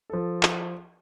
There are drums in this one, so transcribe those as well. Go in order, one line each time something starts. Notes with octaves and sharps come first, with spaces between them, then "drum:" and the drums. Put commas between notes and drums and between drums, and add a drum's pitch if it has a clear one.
F3 A4
drum: clap